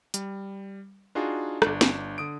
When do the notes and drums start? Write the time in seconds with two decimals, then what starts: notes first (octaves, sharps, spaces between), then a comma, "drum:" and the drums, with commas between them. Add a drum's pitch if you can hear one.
0.14 G3, drum: hi-hat
1.15 D4 D#4 F4 F#4 G#4
1.62 G1 D4, drum: rim click
1.81 drum: snare
2.18 D3 D#6 D7